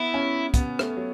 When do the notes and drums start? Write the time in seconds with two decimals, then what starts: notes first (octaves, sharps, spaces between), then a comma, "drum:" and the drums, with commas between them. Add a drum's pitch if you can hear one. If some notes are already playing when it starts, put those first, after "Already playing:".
Already playing: B3 E4
0.14 C#4
0.54 B3, drum: kick, hi-hat
0.79 A3, drum: rim click
0.97 F#3